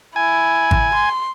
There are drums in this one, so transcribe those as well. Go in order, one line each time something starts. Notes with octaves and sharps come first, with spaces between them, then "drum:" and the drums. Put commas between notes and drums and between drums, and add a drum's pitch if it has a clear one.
E4 G#5
drum: kick G#1
C6